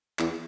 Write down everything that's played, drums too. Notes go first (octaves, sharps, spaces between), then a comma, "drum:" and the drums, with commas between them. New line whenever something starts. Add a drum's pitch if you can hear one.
E2, drum: clap